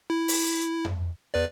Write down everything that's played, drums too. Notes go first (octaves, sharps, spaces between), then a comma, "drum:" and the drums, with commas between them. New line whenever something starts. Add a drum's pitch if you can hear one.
E4
drum: open hi-hat
drum: tom F2
E2 B4 D5